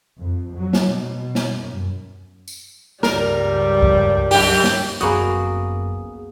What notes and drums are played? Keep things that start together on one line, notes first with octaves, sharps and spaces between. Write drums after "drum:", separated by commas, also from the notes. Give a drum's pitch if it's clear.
F2
F#3
drum: snare
B2
drum: snare
F#2
drum: tambourine
C#2 G2 G3 A#4, drum: snare
drum: kick C2
F#2 G4, drum: open hi-hat
drum: snare
G1 C2 F#2 A#3 B3 F#4 G#4 D#6, drum: hi-hat